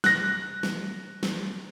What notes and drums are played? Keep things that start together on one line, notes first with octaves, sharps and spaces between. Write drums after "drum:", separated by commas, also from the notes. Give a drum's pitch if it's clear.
F#6 A#6, drum: snare
drum: snare
drum: snare